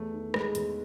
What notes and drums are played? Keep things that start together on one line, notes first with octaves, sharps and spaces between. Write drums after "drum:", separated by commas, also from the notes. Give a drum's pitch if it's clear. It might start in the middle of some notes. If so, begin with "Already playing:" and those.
Already playing: E2 A3
D#3
E2 G#3, drum: rim click
E2, drum: hi-hat